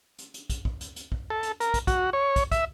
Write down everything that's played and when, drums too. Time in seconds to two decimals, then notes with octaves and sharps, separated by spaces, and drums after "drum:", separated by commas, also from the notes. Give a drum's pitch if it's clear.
0.18 drum: hi-hat
0.34 drum: hi-hat
0.50 drum: kick, hi-hat
0.65 drum: kick
0.81 drum: hi-hat
0.96 drum: hi-hat
1.12 drum: kick
1.30 A4
1.43 drum: hi-hat
1.60 A#4, drum: hi-hat
1.74 drum: kick, hi-hat
1.87 F#4, drum: kick, hi-hat
2.13 C#5
2.36 drum: kick, hi-hat
2.52 E5, drum: kick, hi-hat